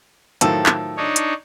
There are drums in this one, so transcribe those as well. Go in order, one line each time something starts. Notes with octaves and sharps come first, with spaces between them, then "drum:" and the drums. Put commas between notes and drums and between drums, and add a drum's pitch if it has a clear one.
A2 D#3 F3 F#3 A4, drum: hi-hat
drum: clap
D4 D#4 C#5
drum: hi-hat